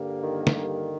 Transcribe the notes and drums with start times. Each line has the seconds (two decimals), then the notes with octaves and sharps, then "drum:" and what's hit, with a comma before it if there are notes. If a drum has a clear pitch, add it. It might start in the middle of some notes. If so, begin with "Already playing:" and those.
Already playing: G2 D3 G3 A#3
0.23 D#3
0.47 drum: snare